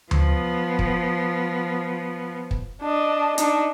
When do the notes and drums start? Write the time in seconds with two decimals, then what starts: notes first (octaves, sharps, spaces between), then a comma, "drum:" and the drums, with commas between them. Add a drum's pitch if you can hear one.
0.11 F3 B3, drum: tom D2
0.79 drum: kick
2.51 drum: kick
2.82 D4 D#5
3.38 D4 D#4, drum: hi-hat